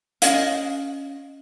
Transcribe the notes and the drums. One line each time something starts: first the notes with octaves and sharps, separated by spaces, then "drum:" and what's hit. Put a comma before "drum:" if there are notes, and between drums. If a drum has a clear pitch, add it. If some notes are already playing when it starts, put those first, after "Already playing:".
C#4 D#5 F5, drum: hi-hat